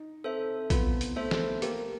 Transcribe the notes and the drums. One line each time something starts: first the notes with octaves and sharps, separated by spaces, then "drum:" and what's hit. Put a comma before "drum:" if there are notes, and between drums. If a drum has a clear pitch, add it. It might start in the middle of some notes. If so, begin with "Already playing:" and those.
Already playing: D#4
C4 A4 C5 E5
B3 F4, drum: kick A#1, hi-hat
drum: hi-hat
A3 A4 C5 E5
drum: snare
A#3 G4, drum: hi-hat